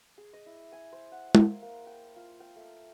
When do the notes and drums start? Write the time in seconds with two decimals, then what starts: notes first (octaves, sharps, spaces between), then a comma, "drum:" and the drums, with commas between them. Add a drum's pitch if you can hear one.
0.18 G#4
0.33 D#5
0.46 E4
0.72 G#5
0.93 C5
1.12 F#5
1.35 A#3, drum: tom
1.62 A#3
1.87 G5
2.16 F4
2.40 G5
2.56 A3